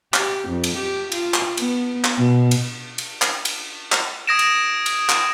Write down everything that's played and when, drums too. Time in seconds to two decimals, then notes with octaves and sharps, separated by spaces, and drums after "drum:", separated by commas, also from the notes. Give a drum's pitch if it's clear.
0.14 G4, drum: clap
0.47 F2
0.64 drum: cymbal
0.77 G4
1.12 F4, drum: cymbal
1.34 drum: clap
1.57 B3, drum: cymbal
2.04 drum: clap
2.17 B2
2.51 drum: cymbal
2.98 drum: cymbal
3.22 drum: clap
3.45 drum: cymbal
3.92 drum: clap
4.27 D#6 G#6 A#6 D7 E7
4.39 drum: cymbal
4.86 drum: cymbal
5.09 drum: clap